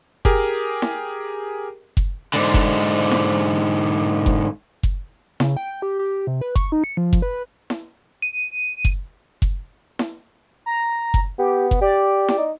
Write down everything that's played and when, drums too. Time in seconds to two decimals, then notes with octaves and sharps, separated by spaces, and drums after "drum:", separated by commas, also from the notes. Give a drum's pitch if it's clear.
0.25 G4 G#4 A#4, drum: kick F#1
0.82 drum: snare E4
1.97 drum: kick F#1
2.34 G#2 D3
2.54 drum: kick F#1
3.11 drum: snare E4
4.26 drum: kick F#1
4.83 drum: kick F#1
5.40 C#3, drum: snare E4
5.57 G5
5.82 G4
5.99 G4
6.27 C3
6.41 B4
6.56 C#6, drum: kick F#1
6.72 D#4
6.84 C#7
6.97 F3
7.13 drum: kick F#1
7.22 B4
7.70 drum: snare E4
8.22 D#7
8.85 drum: kick F#1
9.42 drum: kick F#1
9.99 drum: snare E4
10.66 A#5
11.14 drum: kick F#1
11.38 B3 G4
11.71 drum: kick F#1
11.81 G4 D5
12.28 drum: snare E4
12.38 D#4